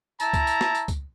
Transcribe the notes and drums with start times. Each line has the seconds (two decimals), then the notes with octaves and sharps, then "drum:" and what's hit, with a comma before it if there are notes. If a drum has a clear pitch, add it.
0.20 E4 A5 A#5, drum: tambourine
0.33 drum: kick C#2, tambourine
0.47 drum: tambourine
0.61 drum: snare
0.75 drum: tambourine
0.88 drum: kick C#2, tambourine